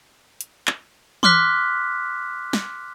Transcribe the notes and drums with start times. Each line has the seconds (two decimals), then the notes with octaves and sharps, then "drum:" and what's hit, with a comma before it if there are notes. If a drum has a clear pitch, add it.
0.41 drum: hi-hat
0.67 drum: clap
1.23 C6 D6 F6 F#6 B6, drum: tom E3
2.53 drum: snare